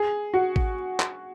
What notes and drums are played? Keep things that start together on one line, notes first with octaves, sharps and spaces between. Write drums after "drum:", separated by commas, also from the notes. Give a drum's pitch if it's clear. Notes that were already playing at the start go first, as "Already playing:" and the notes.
Already playing: G#4
F#4
drum: kick
drum: clap